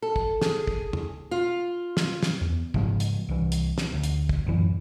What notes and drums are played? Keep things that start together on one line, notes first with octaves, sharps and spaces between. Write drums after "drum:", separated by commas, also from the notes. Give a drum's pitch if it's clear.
A4
drum: kick
G#4, drum: snare
drum: kick
drum: tom E2
F4
drum: snare
drum: snare
E2
G#2 C#3 F3 G#3, drum: kick
drum: hi-hat
C2 E3
drum: hi-hat
drum: snare
D2
drum: hi-hat
drum: kick
A1 F#2 E3